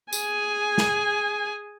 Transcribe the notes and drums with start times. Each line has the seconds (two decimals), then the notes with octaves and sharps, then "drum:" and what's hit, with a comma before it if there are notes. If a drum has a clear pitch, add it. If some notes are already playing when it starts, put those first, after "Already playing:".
0.13 G#4 G#5, drum: tambourine
0.78 drum: snare